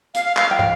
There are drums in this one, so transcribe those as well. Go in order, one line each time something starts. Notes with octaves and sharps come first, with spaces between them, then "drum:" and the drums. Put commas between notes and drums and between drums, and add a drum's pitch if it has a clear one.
F5, drum: hi-hat
F5
F5, drum: clap
G5
F5, drum: tom